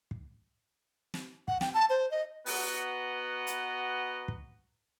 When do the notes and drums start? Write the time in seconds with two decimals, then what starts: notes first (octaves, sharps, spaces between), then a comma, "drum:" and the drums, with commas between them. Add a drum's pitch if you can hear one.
0.11 drum: kick
1.14 drum: snare
1.48 F#5, drum: kick
1.61 G5, drum: snare
1.74 A5
1.90 C5
2.11 D#5
2.46 B3 F#4 B4 D#5 F#5 A#5, drum: open hi-hat
3.47 drum: hi-hat
4.28 drum: kick